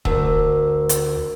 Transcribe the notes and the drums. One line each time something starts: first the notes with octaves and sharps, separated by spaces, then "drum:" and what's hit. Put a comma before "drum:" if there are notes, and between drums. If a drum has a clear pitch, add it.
D2 A#4 E6, drum: kick D#1
drum: hi-hat